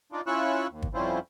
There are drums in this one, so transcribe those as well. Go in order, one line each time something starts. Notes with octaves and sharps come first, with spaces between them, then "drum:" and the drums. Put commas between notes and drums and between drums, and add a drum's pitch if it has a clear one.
D4 D#4 F4 D5
C#4 E4 F4 C#6 E6 F#6
D#2
drum: kick
F2 G3 C#4 E4 F4 C5